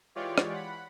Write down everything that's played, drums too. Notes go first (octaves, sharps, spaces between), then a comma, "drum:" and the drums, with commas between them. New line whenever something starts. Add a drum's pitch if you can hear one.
E3 G#3 F4 G4 C#5 D5
drum: rim click
F#5 B5